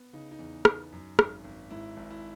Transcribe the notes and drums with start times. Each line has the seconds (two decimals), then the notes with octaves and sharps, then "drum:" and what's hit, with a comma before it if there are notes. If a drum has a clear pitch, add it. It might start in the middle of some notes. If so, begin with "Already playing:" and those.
Already playing: B3
0.13 C#3 D#4
0.31 D#4
0.39 E2
0.65 B3, drum: rim click
0.92 F#2
1.19 G#1, drum: rim click
1.44 G#1
1.71 G#2 E4
1.97 G#1
2.10 E4